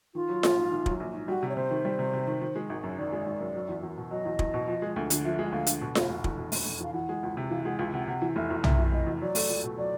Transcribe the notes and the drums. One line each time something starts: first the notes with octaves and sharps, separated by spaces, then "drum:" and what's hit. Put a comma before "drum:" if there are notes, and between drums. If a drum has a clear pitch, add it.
D#3 F4
F#3
A#1, drum: snare F4
G#2
D#3
F#3, drum: kick
A#1
G#2
G3 F#4
C3
C#5
C3 C5
D#3
G3
C3
C3
D#3
D#3
G#3
G#1
F#2
D#3 D5
G#3
G#1
F#2
F#3
E2
E2
B2
F#3 D#5
E2
E2, drum: kick
B2
F3
G#3
D2
D3, drum: hi-hat
F3 E5
G#3
D2 F5
D3, drum: hi-hat
B2
F1, drum: snare F4
F1
E2, drum: kick
B2
F1, drum: open hi-hat
F1
E2 F5
E3 F#5
G#3
C#2
C3
E3 F5
G#3 F#5
C#2 F5
C3 F#5
C3 F#5
E3
F1 E5
E2
C3 E5, drum: tom
E3
F1 D#5
E2
F#3 D5
A3, drum: open hi-hat
C#2
B2
F#3 D5